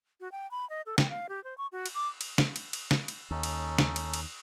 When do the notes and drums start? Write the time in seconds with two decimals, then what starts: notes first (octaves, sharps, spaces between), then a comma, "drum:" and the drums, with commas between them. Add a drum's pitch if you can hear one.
0.20 F#4
0.32 G5
0.51 B5
0.70 D#5
0.86 A4
0.98 G5, drum: snare
1.10 F5
1.29 G4
1.44 C5
1.58 C#6
1.72 F#4
1.86 drum: cymbal
1.95 D6
2.21 drum: cymbal
2.38 drum: snare
2.56 drum: cymbal
2.73 drum: cymbal
2.91 drum: snare
3.08 drum: cymbal
3.31 D#2 C#4 D#4 A4
3.43 drum: cymbal
3.78 drum: snare
3.96 drum: cymbal
4.14 drum: cymbal